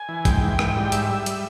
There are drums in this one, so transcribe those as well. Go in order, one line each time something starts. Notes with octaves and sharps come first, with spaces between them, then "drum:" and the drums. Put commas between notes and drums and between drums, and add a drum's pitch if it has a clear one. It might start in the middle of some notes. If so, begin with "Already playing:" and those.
Already playing: G#5
E3
G#2 G5, drum: kick, hi-hat
E3
G#2, drum: rim click
G3
G#2 E5, drum: hi-hat
G3
G3, drum: hi-hat